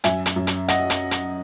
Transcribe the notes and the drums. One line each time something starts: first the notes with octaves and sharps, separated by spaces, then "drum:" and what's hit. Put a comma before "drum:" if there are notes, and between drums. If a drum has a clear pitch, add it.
F#2 E5 G#5, drum: hi-hat
drum: hi-hat
F#2
drum: hi-hat
D#5 F#5, drum: hi-hat
drum: hi-hat
drum: hi-hat